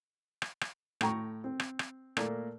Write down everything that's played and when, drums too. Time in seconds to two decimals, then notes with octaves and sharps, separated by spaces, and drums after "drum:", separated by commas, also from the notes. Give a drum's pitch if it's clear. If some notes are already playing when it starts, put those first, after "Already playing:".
0.42 drum: rim click
0.61 drum: rim click
1.01 A2 G5 A#5 C#6, drum: rim click
1.44 C4
1.60 drum: rim click
1.79 drum: rim click
2.17 A#2 A3 A#3, drum: rim click